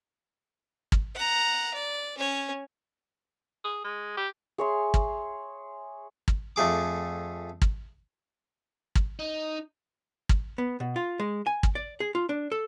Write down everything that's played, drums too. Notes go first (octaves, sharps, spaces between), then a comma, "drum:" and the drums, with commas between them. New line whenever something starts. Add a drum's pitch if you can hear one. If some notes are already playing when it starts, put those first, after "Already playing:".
drum: kick
F#5 A#5
D5
C#4 C#5
G#4
G#3
G4
G#4 C#5 E5 C6
drum: kick
drum: kick
F2 A3 G#4 D6
drum: kick
drum: kick
D#4
drum: kick
B3
B2
F4
G#3
G#5
drum: kick
D5
G#4
F4
D4
A4